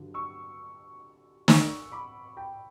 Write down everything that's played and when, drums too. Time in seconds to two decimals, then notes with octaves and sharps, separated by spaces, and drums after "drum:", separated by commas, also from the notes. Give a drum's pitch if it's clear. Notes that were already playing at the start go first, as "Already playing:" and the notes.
Already playing: G2 D3 F#3
0.14 C#6 E6
1.48 C#6 E6, drum: snare
1.92 B5 D6
2.37 G5 B5